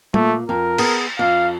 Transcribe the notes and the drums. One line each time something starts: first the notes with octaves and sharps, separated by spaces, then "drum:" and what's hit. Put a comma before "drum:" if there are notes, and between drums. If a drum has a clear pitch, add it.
A#2 A3, drum: tom
F2 A#4
B3 G#4, drum: cymbal
F2 F5